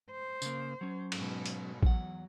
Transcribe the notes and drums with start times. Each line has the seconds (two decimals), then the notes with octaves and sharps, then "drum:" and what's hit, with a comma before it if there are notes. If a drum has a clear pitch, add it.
0.11 C5
0.42 C#3 A#3, drum: tambourine
0.81 F#3 C#4
1.12 G#2 B2, drum: cymbal
1.46 drum: hi-hat
1.83 E2 F#3 F#5, drum: kick A1